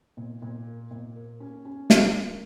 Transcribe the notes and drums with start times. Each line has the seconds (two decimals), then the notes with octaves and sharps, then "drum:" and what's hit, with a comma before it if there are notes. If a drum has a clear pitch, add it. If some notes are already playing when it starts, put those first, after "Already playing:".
0.17 A#2
0.42 A#2
0.66 A#3
0.91 A#2
1.16 A#4
1.40 C#4
1.65 C#4
1.90 A#3, drum: snare
2.14 A#4